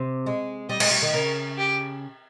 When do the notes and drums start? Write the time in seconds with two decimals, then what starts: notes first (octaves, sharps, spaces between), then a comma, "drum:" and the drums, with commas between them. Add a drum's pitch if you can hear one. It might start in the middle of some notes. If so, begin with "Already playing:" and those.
Already playing: C3
0.26 G#3
0.69 G3 D#5
0.80 G#3, drum: cymbal
0.91 G3
1.02 D#3
1.13 C#3 A#4
1.58 G4